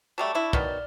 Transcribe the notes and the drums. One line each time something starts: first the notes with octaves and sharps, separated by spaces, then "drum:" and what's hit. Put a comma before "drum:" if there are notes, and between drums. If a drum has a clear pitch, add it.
F#3 G3 A3 A5 C#6 D6
D4 E4
D#3 F#3 B3 D5 F6, drum: kick